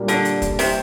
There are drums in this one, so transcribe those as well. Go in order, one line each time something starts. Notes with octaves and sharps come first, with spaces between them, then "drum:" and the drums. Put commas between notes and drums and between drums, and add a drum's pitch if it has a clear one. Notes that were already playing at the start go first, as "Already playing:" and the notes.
Already playing: A#2 G3 A#3 D4
D3, drum: hi-hat
drum: hi-hat
drum: kick, hi-hat
C3, drum: open hi-hat